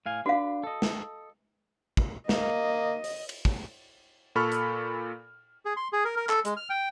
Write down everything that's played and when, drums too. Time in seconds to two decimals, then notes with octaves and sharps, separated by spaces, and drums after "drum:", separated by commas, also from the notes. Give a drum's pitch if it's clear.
0.06 A2 F5 G#5
0.26 D4 F#4 B4 F5
0.63 A4 D#5
0.82 drum: snare
1.97 drum: kick
2.29 A#3 D#5, drum: snare
3.04 drum: open hi-hat
3.29 drum: cymbal
3.45 drum: kick
4.35 A#2 A4 B5 C#6 F6
4.52 drum: hi-hat
5.65 G#4
5.77 C6
5.93 G#4
6.05 A#4
6.17 A#4
6.29 A4, drum: clap
6.45 G#3, drum: hi-hat
6.57 F6
6.70 G5